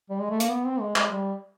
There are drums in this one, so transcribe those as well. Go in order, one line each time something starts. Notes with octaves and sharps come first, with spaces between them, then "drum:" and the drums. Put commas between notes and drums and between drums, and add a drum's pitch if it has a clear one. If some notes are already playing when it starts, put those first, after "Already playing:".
G3
G#3
A3
A#3, drum: hi-hat
B3
C4
G#3
G#3, drum: clap
G3